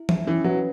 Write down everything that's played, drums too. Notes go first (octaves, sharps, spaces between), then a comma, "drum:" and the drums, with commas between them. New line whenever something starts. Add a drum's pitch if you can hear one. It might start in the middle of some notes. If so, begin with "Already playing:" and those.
Already playing: E4
E5, drum: tom E3
E3 C#4
F#3 B4